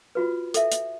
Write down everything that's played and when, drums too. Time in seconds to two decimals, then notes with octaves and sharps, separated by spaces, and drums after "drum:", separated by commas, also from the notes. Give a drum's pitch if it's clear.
0.15 F4 F#4 B4
0.54 A4 E5, drum: hi-hat
0.72 drum: hi-hat